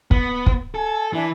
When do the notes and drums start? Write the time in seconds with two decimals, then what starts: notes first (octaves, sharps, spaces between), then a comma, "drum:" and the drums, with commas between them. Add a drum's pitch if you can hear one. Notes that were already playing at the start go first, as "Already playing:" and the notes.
0.11 B3, drum: kick
0.46 drum: kick
0.74 A4 G#5
1.13 E3 D4 E5 G#5